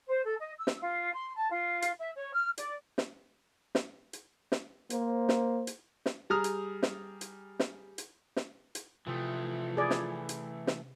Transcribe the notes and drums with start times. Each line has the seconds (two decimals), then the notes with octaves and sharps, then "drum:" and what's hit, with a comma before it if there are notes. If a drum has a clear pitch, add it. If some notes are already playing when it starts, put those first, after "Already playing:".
0.07 C5
0.25 A4
0.40 D#5
0.58 E6
0.67 drum: snare
0.81 F4
1.13 C6
1.36 A5
1.50 F4
1.82 drum: hi-hat
1.97 E5
2.16 C#5
2.33 F6
2.58 D5, drum: hi-hat
2.98 drum: snare
3.75 drum: snare
4.13 drum: hi-hat
4.52 drum: snare
4.90 A#3 C5, drum: hi-hat
5.29 drum: snare
5.67 drum: hi-hat
6.06 drum: snare
6.30 G3 G#4 A#5 D#6 F6
6.44 drum: hi-hat
6.83 drum: snare
7.21 drum: hi-hat
7.59 drum: snare
7.98 drum: hi-hat
8.36 drum: snare
8.75 drum: hi-hat
9.07 C3 E3 F3 A3 D#6 G6
9.77 G#4 D5 B5 G#6
9.90 drum: snare
10.29 drum: hi-hat
10.67 drum: snare